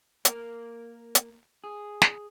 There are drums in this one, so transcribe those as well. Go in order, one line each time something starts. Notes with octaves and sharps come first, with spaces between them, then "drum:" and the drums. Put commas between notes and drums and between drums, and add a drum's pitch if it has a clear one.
A#3 A#4, drum: hi-hat
drum: hi-hat
G#4
drum: snare